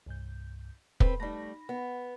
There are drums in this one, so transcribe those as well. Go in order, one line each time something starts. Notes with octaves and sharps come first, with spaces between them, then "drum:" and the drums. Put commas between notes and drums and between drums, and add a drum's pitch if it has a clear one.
C2 G2 G6
C4 A4 B4, drum: kick
G3 A3 D#4 B5 A#6
B3